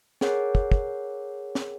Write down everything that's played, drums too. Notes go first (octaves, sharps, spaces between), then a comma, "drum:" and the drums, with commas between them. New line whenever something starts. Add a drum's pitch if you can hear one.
G#4 A#4 C#5 F#5, drum: snare
drum: kick
drum: kick
drum: snare